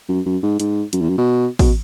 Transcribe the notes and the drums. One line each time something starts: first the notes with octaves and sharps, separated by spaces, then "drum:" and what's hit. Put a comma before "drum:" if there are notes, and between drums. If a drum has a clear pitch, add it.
F#2
F#2
G#2
G#2, drum: hi-hat
F#2, drum: hi-hat
E2
F#2
B2
B2, drum: kick A1, open hi-hat